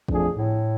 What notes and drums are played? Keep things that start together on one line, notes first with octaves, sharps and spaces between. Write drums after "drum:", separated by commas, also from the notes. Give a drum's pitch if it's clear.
F2 F3 A3 D4 G#4, drum: kick
A2